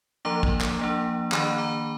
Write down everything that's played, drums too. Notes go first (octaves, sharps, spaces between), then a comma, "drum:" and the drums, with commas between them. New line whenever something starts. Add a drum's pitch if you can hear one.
F3 A#3 D4 A#5 D6
drum: kick
drum: clap
F3 A#3 D4
D#3 A#3 D4 G#5 B5, drum: clap
A#5 D6